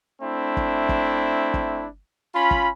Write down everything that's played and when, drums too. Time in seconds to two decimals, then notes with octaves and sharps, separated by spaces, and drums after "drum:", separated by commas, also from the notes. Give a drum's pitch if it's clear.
0.21 A3 C4 D4 E4
0.57 drum: kick
0.89 drum: kick
1.54 drum: kick
2.35 C#4 F4 B5
2.51 drum: kick